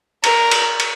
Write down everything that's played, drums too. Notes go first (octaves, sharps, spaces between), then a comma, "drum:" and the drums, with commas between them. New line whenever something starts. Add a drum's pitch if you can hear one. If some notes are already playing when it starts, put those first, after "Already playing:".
A#4, drum: cymbal
drum: cymbal
drum: cymbal